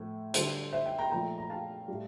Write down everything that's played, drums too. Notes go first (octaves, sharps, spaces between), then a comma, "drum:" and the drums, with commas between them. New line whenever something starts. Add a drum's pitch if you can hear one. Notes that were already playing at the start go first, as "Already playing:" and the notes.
Already playing: A2 F3 A3
D3 G3 A4 C5, drum: hi-hat
C5 E5
E5 G5
G5 A#5
A#2 F3 A3 G5 A#5
A#5
F5 A5
A2 G3